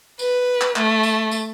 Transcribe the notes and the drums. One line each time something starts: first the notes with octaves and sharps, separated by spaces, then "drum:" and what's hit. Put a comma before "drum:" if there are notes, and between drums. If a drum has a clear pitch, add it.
B4, drum: tambourine
drum: clap
A3, drum: clap
drum: tambourine
drum: tambourine